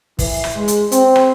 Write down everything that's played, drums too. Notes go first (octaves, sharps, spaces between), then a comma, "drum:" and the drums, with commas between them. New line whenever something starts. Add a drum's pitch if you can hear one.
E3, drum: kick, open hi-hat
drum: rim click
G#3
drum: hi-hat
C4, drum: hi-hat
drum: rim click